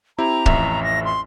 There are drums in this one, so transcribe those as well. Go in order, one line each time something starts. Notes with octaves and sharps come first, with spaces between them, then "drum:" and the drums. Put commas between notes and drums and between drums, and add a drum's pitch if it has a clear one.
C4 E4 G4 A#5
A1 F2 E5, drum: kick
A#6
C6